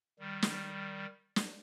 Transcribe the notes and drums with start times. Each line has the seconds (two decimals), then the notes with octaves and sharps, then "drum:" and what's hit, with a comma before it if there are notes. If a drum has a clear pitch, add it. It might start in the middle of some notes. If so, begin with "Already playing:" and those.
0.19 D#3 G3
0.42 drum: snare
1.36 drum: snare